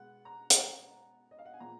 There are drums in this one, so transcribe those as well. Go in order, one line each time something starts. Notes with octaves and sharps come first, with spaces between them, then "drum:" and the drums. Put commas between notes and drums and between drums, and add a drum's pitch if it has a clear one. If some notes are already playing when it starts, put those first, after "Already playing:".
Already playing: B2 G#3 B3 F#5
A#5
drum: hi-hat
D#5
F5
F#5
G#5
A#2 F3 G#3 B3 A#5